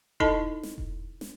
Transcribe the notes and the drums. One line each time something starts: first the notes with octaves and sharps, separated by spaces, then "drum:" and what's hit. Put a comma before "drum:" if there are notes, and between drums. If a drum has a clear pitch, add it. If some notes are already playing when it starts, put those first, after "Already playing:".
D#4 E4 A4 D#5 A5 B5, drum: kick E1
drum: snare
drum: kick E1
drum: snare